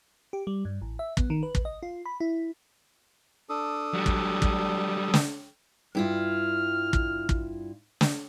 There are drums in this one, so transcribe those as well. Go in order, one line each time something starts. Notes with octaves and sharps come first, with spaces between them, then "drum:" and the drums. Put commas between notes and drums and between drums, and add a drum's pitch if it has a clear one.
G4
G3
G2
A1
E5
B3, drum: kick
D#3
B4
drum: kick
D#5
F4
B5
E4
D4 A4 D#6
F#3 G3
drum: kick
drum: kick
drum: snare
G2 E4 F4 F6
drum: kick
drum: kick
drum: snare